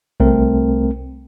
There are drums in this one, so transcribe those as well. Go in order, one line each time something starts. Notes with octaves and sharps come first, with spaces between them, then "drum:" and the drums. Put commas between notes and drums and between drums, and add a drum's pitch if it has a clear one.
C2 A3 C4 A#4, drum: kick A#1